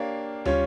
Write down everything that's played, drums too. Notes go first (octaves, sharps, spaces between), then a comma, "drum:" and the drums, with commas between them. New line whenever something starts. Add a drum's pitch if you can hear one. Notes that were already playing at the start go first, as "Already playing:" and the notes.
Already playing: A#3 D4 G4 C#5 F5
G3 C#4 F4 C#5, drum: tom